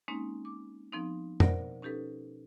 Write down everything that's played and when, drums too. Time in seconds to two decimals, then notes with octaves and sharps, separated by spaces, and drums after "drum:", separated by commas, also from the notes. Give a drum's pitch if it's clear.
0.08 G#3 A#3 C4 C#4 D#4
0.45 D6
0.93 F3 B3 C4 D#4
1.40 B2 A#4 C5 D5 F#5 A#6, drum: tom F2
1.82 C#4 D#4 G4 A4 B4